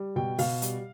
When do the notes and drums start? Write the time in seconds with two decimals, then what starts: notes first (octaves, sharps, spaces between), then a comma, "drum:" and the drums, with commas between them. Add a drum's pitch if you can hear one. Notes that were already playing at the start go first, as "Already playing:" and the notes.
Already playing: G3
0.16 B2 G5
0.38 B2 F5, drum: open hi-hat
0.62 G3, drum: hi-hat